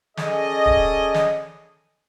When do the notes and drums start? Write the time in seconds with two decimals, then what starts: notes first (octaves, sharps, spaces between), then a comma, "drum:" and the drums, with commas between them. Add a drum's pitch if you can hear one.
0.17 C#4 G#4 A4 D5 D#5, drum: snare
0.66 drum: kick D1
1.14 drum: snare